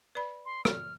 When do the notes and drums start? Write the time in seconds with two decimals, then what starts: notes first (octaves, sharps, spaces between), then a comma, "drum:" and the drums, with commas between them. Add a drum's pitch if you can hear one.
0.15 B4 D5 B5
0.45 C6
0.65 F6, drum: rim click